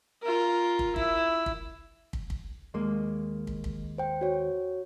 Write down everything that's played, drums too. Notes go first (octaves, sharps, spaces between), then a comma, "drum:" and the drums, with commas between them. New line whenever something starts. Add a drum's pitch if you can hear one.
F4 A#4
drum: kick
E4, drum: kick
drum: kick
drum: kick
drum: kick
D#2 G#3 A#3
drum: kick
drum: kick
C5 G5
F#4 C#5